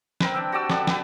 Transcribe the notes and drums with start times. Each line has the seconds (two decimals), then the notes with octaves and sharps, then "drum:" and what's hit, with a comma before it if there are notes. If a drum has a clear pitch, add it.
0.20 C4 A#4 B4, drum: snare
0.34 D4 G5 E6
0.52 F#4 G4 D5 E6
0.70 D4 A4 B4 D5, drum: snare
0.87 G4 B4, drum: snare